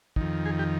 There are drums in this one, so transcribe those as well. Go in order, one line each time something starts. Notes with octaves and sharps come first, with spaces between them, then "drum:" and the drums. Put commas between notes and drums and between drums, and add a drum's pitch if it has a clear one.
F2 D#3, drum: kick
G#4
G4